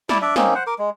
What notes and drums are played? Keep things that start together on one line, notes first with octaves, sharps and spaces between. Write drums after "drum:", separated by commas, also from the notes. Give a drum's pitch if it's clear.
E4 D5 A5, drum: snare
D4 D5 E5
A#3 C4 C#4 D#4, drum: snare
C5 F#5
A#4 D6
G#3